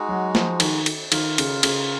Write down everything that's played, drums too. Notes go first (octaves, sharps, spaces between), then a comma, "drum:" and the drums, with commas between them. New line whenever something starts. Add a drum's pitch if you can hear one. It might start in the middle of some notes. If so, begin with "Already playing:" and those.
Already playing: G#3 D#4 F#4
F#3
F3, drum: snare
D#3, drum: cymbal
drum: cymbal
D#3 F4 A#4 F5, drum: cymbal
C#3, drum: cymbal
C#3, drum: cymbal